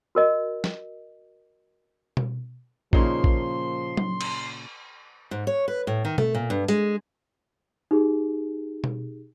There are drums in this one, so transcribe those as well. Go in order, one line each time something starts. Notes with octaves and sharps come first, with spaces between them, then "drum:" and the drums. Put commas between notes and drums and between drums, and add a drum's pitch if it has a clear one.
F#4 A#4 D#5
drum: snare
drum: tom B2
A#2 C#3 F3 A#3 D#4 C6, drum: kick
drum: kick
drum: tom F#3
drum: cymbal
G#2
C#5
B4
A2
D#3
A3, drum: tom B2
A#2
G2
G#3, drum: hi-hat
D#4 G4 G#4
drum: tom B2